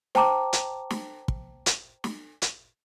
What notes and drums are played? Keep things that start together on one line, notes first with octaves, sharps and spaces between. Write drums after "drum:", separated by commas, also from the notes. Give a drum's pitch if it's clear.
C5 G5 A5 A#5 D6, drum: snare
drum: hi-hat
drum: snare
drum: kick
drum: hi-hat
drum: snare
drum: hi-hat